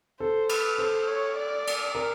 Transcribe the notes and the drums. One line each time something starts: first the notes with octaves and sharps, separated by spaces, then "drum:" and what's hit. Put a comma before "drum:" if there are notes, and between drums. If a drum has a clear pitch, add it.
A4 C5
B4, drum: cymbal
A4 C5
C#5
D5
drum: cymbal
A#4